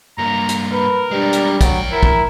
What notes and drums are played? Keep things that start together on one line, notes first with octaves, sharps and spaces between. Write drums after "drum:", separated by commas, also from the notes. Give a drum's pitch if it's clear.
G2 A#3 A#5
drum: hi-hat
A#4 B4
G3 G#3 D4
drum: hi-hat
F2 F#3 G5, drum: kick, hi-hat
E4 A#4
drum: kick